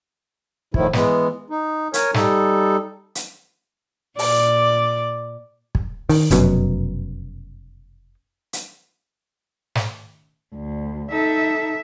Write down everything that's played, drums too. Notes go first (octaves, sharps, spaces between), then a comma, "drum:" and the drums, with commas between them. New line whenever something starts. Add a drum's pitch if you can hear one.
A2 D#3 F3 E4, drum: kick
E3 G#3 B3, drum: snare
D#4
A#4 C#5 G#5, drum: hi-hat
G3 D#4 A4, drum: snare
drum: hi-hat
A#2 D5, drum: open hi-hat
drum: kick
D#3, drum: open hi-hat
F1 F#2 B2, drum: hi-hat
drum: hi-hat
drum: snare
D2
D#4 A4 E5